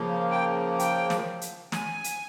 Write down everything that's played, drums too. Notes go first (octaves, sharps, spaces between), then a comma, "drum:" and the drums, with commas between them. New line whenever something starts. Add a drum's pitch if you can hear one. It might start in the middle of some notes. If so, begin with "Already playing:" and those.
Already playing: C#3 F3 A#3
G5
G5, drum: hi-hat
drum: snare
drum: hi-hat
G#5, drum: snare
drum: hi-hat